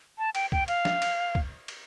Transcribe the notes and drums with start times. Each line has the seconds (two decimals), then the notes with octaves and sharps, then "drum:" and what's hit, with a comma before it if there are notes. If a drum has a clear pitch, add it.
0.18 A5
0.35 G5, drum: cymbal
0.52 G5, drum: kick
0.68 F5, drum: cymbal
0.85 drum: snare
1.02 drum: cymbal
1.35 drum: kick
1.68 drum: cymbal